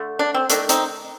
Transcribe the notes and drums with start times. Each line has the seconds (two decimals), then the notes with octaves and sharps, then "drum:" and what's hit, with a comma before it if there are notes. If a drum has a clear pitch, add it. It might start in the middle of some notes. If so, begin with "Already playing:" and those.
Already playing: D3 A3
0.19 D4
0.34 C4
0.50 D#3 A3 D4, drum: hi-hat
0.69 C4 D#4, drum: hi-hat